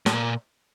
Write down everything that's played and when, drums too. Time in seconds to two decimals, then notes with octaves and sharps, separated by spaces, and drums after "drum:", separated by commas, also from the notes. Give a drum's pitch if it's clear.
0.06 A2, drum: snare
0.12 A#2